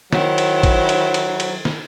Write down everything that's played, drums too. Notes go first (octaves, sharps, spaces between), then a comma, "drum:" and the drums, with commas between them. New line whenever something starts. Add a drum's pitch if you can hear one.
D#3 F#3 E4 C5, drum: snare
drum: cymbal
drum: kick, cymbal
drum: cymbal
drum: cymbal
drum: cymbal
drum: snare